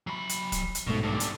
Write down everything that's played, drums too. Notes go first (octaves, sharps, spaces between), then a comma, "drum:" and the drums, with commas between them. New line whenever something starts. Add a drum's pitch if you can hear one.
F#3 B5
drum: hi-hat
drum: kick, hi-hat
drum: hi-hat
B1 G#2 B2 A3
G2 D3
drum: hi-hat